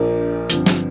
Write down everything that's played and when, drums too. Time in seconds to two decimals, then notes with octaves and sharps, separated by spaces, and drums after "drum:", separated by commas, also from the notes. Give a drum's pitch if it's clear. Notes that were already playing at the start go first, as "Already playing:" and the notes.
Already playing: A#1 A#2 F3 A#3 D4
0.50 G1 G2 F3 C4, drum: hi-hat
0.66 drum: snare